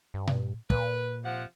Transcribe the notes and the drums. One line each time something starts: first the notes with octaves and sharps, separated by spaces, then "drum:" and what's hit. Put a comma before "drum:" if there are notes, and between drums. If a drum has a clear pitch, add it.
G2
drum: tom A#2
A#2 B4, drum: kick
C3 F3 F#5